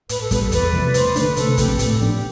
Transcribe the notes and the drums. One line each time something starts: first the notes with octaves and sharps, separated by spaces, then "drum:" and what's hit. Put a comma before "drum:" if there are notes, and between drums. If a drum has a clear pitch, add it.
A2 B4, drum: hi-hat
A4
G3 B3 B4, drum: kick, hi-hat
A4
E2 B4 D5, drum: hi-hat
C3 F3 A3
G2 C5, drum: hi-hat
D3 A3 D4 B4, drum: hi-hat
C3 A4, drum: hi-hat
F3 A3 C4 G4, drum: kick, hi-hat
G4
A2 A4, drum: hi-hat
F3 B3 D4 G4